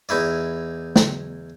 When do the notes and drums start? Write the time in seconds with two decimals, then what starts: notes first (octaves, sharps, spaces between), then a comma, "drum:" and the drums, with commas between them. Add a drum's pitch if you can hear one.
0.09 E2 D#4 E4 D5
0.96 drum: snare